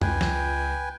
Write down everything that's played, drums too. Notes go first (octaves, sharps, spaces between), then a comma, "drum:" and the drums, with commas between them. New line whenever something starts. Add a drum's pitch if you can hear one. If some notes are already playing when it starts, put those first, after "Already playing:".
C#2 B4 G5 G#5, drum: tom F2
drum: snare